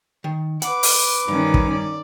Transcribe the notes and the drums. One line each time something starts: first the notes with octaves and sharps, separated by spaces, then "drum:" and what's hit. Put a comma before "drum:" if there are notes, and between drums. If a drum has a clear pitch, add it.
D#3
B4 F#5 D6, drum: hi-hat
drum: open hi-hat
G2 D#3 C#4
drum: kick
D5